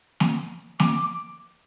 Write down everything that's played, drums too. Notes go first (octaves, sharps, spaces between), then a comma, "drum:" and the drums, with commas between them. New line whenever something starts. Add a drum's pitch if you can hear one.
drum: snare
D6, drum: snare